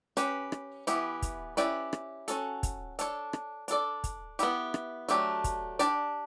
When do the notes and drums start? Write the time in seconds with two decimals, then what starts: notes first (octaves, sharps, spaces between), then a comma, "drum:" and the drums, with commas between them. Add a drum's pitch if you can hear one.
0.17 C#4 G4 B4, drum: hi-hat
0.52 drum: rim click
0.87 E3 B3 E4 G4, drum: hi-hat
1.22 drum: kick, hi-hat
1.57 C#4 E4 G4 B4 D5, drum: hi-hat
1.93 drum: rim click
2.28 C#4 F#4 A4, drum: hi-hat
2.63 drum: kick, hi-hat
2.99 D4 A4 C#5, drum: hi-hat
3.33 drum: rim click
3.68 D4 A4 D5, drum: hi-hat
4.04 drum: kick, hi-hat
4.39 B3 E4 G4, drum: hi-hat
4.74 drum: rim click
5.08 F#3 A3 D4 G4, drum: hi-hat
5.44 drum: kick, hi-hat
5.79 D4 G4 D5, drum: hi-hat